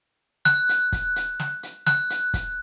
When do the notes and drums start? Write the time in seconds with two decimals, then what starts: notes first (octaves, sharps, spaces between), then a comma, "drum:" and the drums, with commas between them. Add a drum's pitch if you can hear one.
0.45 F#6, drum: snare
0.69 drum: hi-hat
0.92 drum: kick, hi-hat
1.16 drum: hi-hat
1.40 drum: snare
1.63 drum: hi-hat
1.87 F#6, drum: snare
2.10 drum: hi-hat
2.34 drum: kick, hi-hat